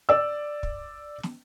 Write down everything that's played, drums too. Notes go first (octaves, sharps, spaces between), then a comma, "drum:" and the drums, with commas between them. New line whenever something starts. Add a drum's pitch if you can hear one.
D5 E6
drum: kick
drum: snare